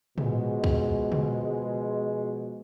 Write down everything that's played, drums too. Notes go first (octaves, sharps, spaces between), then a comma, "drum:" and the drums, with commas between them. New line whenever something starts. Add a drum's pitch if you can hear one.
B2 F3 G#3, drum: tom
drum: kick C2
drum: tom